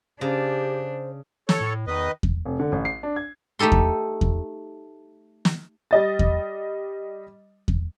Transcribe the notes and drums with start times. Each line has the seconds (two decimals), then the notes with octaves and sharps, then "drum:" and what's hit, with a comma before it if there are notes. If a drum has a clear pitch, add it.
0.21 C#3 D4 G4 C5
1.49 A4 C#5, drum: snare
1.61 A2
1.87 E2 D#3 B4 D#5
2.23 drum: kick E2
2.45 F1
2.60 D3
2.72 A1
2.85 C7
3.03 D4
3.16 G#6
3.59 A3 D#4 G4 A4 C6
3.72 drum: kick E2
4.21 drum: kick E2
5.45 drum: snare
5.91 G3 D#5 A6
6.19 drum: kick E2
7.68 drum: kick E2